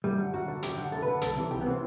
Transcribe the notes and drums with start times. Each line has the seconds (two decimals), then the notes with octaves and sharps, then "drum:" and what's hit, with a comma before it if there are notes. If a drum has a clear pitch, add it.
0.04 F#2 G3
0.18 D3
0.33 F#2 F#4
0.48 D3
0.63 F#2 G4, drum: hi-hat
0.77 D3
0.92 F#2 A4
1.02 B4
1.07 D3
1.22 C2 A4, drum: hi-hat
1.37 C3 E3
1.51 C2 G4
1.61 B3
1.66 C3 E3 C4